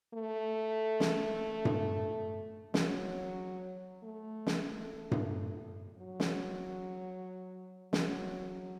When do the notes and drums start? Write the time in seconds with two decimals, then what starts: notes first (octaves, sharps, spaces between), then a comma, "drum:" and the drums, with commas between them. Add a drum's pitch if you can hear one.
0.14 A3
1.00 drum: snare
1.65 drum: tom G2
2.74 F#3, drum: snare
4.03 A3
4.47 drum: snare
4.68 A3
5.11 drum: tom G2
5.98 F#3
6.20 drum: snare
7.93 F#3, drum: snare